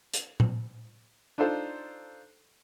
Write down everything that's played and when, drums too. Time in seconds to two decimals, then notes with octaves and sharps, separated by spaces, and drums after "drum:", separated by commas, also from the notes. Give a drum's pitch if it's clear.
0.14 drum: hi-hat
0.40 drum: tom A#2
1.38 D4 D#4 F4 A4 C5